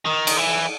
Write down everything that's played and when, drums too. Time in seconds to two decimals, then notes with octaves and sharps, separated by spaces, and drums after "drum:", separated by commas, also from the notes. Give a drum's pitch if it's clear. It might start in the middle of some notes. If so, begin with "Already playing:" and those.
0.06 D#3
0.27 drum: cymbal
0.38 E3